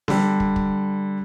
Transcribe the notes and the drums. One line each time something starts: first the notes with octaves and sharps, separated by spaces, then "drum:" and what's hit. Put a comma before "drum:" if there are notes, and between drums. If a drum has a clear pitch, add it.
D3 G3, drum: snare B3
drum: kick
drum: kick